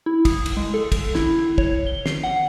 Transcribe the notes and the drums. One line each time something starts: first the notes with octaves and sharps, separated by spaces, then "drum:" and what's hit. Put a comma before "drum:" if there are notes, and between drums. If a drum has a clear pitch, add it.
E4
D#6, drum: kick, cymbal
drum: cymbal
G#3
A4
drum: kick, cymbal
E4, drum: snare
C#5, drum: kick
G7
C7, drum: snare
F#5